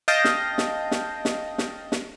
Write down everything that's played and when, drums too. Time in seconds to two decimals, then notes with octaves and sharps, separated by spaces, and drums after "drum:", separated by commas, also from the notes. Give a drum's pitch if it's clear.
0.08 D#5 F5 G5 A5 G6 A#6
0.25 drum: snare
0.58 drum: snare
0.91 drum: snare
1.25 drum: snare
1.58 drum: snare
1.92 drum: snare